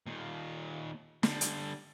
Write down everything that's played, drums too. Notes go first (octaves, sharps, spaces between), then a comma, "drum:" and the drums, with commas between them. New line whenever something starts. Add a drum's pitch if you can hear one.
D#2 A#2
D3 G3, drum: snare
drum: hi-hat